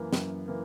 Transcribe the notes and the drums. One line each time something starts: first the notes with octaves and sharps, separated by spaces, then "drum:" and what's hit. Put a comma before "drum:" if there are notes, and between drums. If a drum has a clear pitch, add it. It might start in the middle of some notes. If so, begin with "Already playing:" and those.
Already playing: F#2 E3 A#3
F#2, drum: snare
E3 A#3